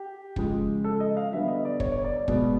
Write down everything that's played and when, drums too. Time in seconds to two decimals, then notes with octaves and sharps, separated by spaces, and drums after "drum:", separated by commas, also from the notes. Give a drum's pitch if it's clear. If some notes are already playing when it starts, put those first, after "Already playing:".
Already playing: G4
0.36 C#3 F3 G#3, drum: kick
0.84 A4
1.00 D#5
1.17 F5
1.32 D3 G3 B3 E5
1.48 D#5
1.65 D5
1.80 C#5, drum: kick
1.92 C#5
2.04 D5
2.17 D5
2.28 B2 G#3 B3, drum: kick